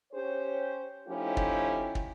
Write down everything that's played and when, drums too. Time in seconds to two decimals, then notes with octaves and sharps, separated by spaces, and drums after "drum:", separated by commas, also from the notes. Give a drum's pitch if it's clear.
0.13 C#4 G4 C5 C#5
1.08 F3 A3 C#4 D#4 E4 G4
1.37 drum: kick
1.95 drum: kick